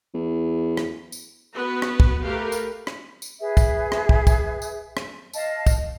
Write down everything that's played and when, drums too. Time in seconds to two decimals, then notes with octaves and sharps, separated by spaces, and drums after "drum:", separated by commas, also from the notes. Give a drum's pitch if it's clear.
0.14 E2
0.77 drum: rim click
1.12 drum: tambourine
1.55 B3 F#4 B4
1.82 drum: rim click
2.00 drum: kick
2.24 A3 G4 A#4 B4 F5
2.52 drum: tambourine
2.87 drum: rim click
3.22 drum: tambourine
3.39 G#4 B4 E5
3.57 drum: kick, tambourine
3.92 drum: rim click
4.09 drum: kick
4.27 drum: kick, tambourine
4.62 drum: tambourine
4.97 drum: rim click
5.33 D#5 F5 A5, drum: tambourine
5.66 drum: kick, tambourine